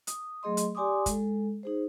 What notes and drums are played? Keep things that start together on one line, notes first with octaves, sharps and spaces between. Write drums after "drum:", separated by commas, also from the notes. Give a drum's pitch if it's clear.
D#6, drum: hi-hat
F#3 A3 G#4 D#5 C6
drum: hi-hat
G4 D5 G#5 C6 D6 D#6
G#3 A4, drum: kick, hi-hat
D#4 G#4 C5